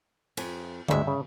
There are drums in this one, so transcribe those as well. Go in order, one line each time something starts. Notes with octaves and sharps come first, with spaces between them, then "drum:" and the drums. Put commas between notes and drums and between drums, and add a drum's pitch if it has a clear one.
F2 G#5, drum: cymbal
D2 G2 G#3 A4 E5, drum: tom D3
C#3